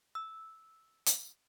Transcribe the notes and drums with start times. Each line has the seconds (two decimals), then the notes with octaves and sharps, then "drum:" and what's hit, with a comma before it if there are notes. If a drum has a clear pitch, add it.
0.15 E6
1.06 drum: hi-hat